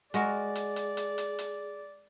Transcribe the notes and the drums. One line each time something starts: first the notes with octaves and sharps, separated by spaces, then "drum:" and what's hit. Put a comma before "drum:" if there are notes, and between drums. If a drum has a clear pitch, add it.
G#3 F#4 G#4 A#4 D5, drum: hi-hat
drum: hi-hat
drum: hi-hat
drum: hi-hat
drum: hi-hat
drum: hi-hat